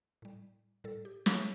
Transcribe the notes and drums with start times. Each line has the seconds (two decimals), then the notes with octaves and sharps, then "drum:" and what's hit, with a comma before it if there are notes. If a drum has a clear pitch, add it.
0.22 A2 G3
0.84 A2 G3 A4
1.05 G4
1.26 E4, drum: snare